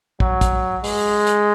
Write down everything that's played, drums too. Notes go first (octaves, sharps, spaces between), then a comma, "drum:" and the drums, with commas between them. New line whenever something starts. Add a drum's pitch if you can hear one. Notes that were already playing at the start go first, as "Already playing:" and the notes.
F#3, drum: kick
drum: kick, hi-hat
G#3, drum: open hi-hat
drum: hi-hat